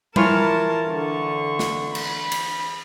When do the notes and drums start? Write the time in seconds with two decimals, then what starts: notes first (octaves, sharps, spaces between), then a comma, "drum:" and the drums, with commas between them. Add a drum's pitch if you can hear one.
0.16 E3 F4 A#4 C#5 A5, drum: tom G3
0.90 D3 C#6
1.59 drum: snare
1.95 B5, drum: cymbal
2.32 drum: cymbal